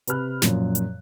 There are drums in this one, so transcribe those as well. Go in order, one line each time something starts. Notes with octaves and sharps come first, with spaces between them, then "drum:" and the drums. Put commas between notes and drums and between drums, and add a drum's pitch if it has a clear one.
C3 B4 B5 F6 F#6, drum: hi-hat
F#2 A#2 F3, drum: snare
drum: hi-hat